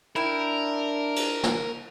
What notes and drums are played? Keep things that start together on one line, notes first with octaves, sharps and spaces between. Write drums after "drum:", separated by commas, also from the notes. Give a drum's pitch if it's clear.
D4 E4 A#4 G5
drum: cymbal
drum: snare